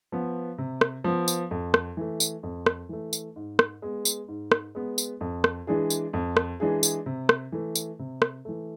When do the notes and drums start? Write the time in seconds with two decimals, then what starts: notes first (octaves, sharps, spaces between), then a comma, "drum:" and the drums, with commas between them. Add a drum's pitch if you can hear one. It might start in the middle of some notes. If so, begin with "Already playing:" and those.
0.12 F3 B3
0.58 C3
0.81 drum: rim click
1.04 F3 B3
1.28 drum: tambourine
1.51 F2
1.74 drum: rim click
1.97 E3 A3
2.20 drum: tambourine
2.43 F2
2.66 drum: rim click
2.89 E3 A3
3.13 drum: tambourine
3.36 G#2
3.59 drum: rim click
3.82 G#3 B3
4.05 drum: tambourine
4.28 G#2
4.52 drum: rim click
4.75 G#3 B3
4.98 drum: tambourine
5.21 F2
5.44 drum: rim click
5.67 E3 G#3 D4 G#4
5.90 drum: tambourine
6.13 F2
6.37 drum: rim click
6.60 E3 G#3 D4 G#4
6.83 drum: tambourine
7.06 C3
7.29 drum: rim click
7.52 E3 A3
7.75 drum: tambourine
7.99 C3
8.22 drum: rim click
8.45 E3 A3